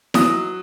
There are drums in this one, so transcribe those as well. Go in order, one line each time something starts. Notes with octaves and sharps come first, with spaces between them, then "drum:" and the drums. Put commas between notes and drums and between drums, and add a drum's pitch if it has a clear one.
F#3 D#6, drum: snare E4